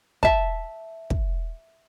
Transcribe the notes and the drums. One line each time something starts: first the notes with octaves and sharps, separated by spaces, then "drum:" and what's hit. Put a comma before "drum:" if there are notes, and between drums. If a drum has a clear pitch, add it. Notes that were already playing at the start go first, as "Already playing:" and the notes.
E5 A5, drum: kick
drum: kick